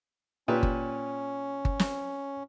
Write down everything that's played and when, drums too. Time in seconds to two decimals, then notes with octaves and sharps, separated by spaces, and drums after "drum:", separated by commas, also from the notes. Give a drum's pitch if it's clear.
0.48 A#2 C#4 G4 B4
0.63 drum: kick G1
1.65 drum: kick G1
1.79 drum: snare